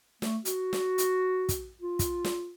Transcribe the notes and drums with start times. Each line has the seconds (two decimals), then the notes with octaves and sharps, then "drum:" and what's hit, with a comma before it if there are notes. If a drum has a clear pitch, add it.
0.22 A3, drum: snare
0.45 F#4, drum: hi-hat
0.73 drum: snare
0.98 drum: hi-hat
1.49 drum: kick, hi-hat
1.81 F4
1.99 drum: kick, hi-hat
2.24 drum: snare